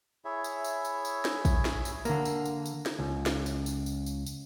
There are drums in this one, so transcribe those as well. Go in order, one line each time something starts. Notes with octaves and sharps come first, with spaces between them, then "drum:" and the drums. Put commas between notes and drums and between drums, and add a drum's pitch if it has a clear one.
E4 G#4 C#5 E5
drum: tambourine
drum: tambourine
drum: tambourine
drum: tambourine
drum: snare
drum: kick, tambourine
drum: snare
drum: tambourine
D3 A#3, drum: tambourine
drum: tambourine
drum: tambourine
drum: tambourine
drum: snare
C#2
drum: snare
drum: tambourine
drum: tambourine
drum: tambourine
drum: tambourine
drum: tambourine